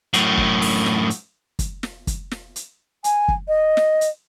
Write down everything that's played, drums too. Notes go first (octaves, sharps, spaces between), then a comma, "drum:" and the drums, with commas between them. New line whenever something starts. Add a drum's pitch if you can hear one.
F#2 A2, drum: hi-hat
drum: kick
drum: open hi-hat
drum: snare
drum: hi-hat
drum: kick, hi-hat
drum: snare
drum: kick, hi-hat
drum: snare
drum: hi-hat
G#5, drum: hi-hat
drum: kick
D#5
drum: snare
drum: hi-hat